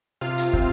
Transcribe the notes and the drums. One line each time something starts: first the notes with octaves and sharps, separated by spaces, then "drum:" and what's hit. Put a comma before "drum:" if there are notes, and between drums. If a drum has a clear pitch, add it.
C3 F4 F5
drum: hi-hat
C4, drum: kick